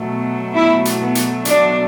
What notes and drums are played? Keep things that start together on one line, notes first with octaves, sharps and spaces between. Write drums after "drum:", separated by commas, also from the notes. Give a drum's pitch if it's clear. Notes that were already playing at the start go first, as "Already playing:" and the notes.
Already playing: B2 F#3 A3
E4
drum: hi-hat
B3
drum: hi-hat
D4, drum: hi-hat